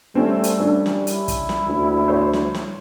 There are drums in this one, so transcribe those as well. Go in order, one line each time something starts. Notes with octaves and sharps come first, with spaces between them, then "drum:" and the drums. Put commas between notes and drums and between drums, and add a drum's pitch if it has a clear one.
G3 A3 C4 C#4
drum: hi-hat
C#4 D4
drum: snare
E4, drum: hi-hat
drum: kick, hi-hat
drum: snare
D2
C5 C#5
drum: snare
drum: snare